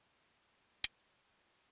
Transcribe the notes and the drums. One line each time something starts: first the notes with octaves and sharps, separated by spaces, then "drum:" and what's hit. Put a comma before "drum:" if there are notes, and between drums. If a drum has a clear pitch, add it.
F4 A#4 B4 B5, drum: hi-hat